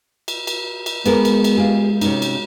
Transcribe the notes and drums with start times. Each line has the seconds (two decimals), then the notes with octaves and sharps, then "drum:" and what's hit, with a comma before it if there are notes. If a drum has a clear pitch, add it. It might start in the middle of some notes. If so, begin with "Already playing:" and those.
0.28 drum: cymbal
0.47 drum: cymbal
0.86 drum: cymbal
1.06 G#3 B3 G#4 A#4, drum: cymbal
1.25 drum: cymbal
1.44 drum: cymbal
1.57 F4 G4 G#4
2.01 C3 C#4 D#4, drum: cymbal
2.22 drum: cymbal